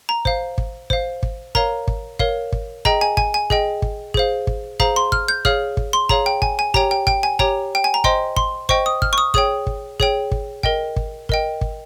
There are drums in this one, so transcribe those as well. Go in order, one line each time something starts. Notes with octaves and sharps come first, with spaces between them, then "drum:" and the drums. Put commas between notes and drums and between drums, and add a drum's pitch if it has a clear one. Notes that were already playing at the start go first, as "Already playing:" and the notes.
A#5
C5 F5, drum: kick
drum: kick
C5 F5, drum: kick
drum: kick
A#4 C#5 F5 A#5, drum: kick
drum: kick
A#4 C#5 F5, drum: kick
drum: kick
G#4 D#5 G5 A#5, drum: kick
G#5
G#5, drum: kick
G#5
G#4 D#5 G5, drum: kick
drum: kick
G#4 C5 F5, drum: kick
drum: kick
G#4 C5 F5 A#5, drum: kick
C6
F6, drum: kick
G6
G#4 C#5 F5 F6, drum: kick
drum: kick
C6
G#4 C#5 F5 A#5, drum: kick
G5
G#5, drum: kick
G#5
G4 C#5 G5 A#5, drum: kick
G5
G5, drum: kick
G#5
G4 C#5 G5 A#5, drum: kick
G5
G#5
A#5
C5 D#5 G5 C6, drum: kick
C6, drum: kick
C5 D#5 G5 C#6, drum: kick
D#6
F6, drum: kick
C#6
D#6
G#4 C#5 G5 D#6, drum: kick
drum: kick
G#4 C#5 G5, drum: kick
drum: kick
A#4 D#5 G5, drum: kick
drum: kick
A#4 D#5 G5, drum: kick
drum: kick